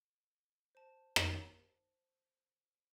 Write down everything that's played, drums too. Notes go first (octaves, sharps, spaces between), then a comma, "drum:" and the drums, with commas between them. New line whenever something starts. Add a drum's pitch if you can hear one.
C5 A5
drum: rim click